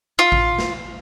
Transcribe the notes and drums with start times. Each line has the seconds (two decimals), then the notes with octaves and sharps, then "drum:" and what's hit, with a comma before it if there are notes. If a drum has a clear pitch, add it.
0.19 F4
0.32 drum: kick A1
0.59 drum: snare